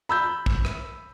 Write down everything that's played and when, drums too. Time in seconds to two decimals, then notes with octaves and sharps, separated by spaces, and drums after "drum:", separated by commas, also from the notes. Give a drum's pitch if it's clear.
0.09 B5 E6 G6
0.46 drum: kick
0.65 drum: rim click